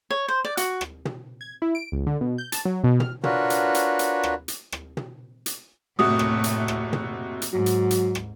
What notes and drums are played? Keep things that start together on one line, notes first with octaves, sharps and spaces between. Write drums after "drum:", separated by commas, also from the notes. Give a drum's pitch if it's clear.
C#5
C5
D5
F#4, drum: hi-hat
drum: rim click
drum: tom
G#6
E4
D7
C#2
D3
B2
G6
A5, drum: hi-hat
F#3
B2
F6, drum: tom
D4 F4 F#4 A#4 B4 C#5, drum: tom
drum: hi-hat
drum: hi-hat
drum: hi-hat
drum: rim click
drum: hi-hat
drum: rim click
drum: tom
drum: hi-hat
F#1 A2 C3 A3 F#4 D#6
drum: rim click
drum: hi-hat
drum: rim click
drum: tom
drum: hi-hat
G#2 F#3
drum: hi-hat
drum: hi-hat
drum: rim click